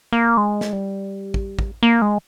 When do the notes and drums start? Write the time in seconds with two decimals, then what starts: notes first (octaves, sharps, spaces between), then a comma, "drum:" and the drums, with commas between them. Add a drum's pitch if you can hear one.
0.13 A#3
0.37 G#3
0.61 drum: snare
0.73 G3
1.34 drum: kick
1.59 drum: kick
1.83 A#3
2.02 G#3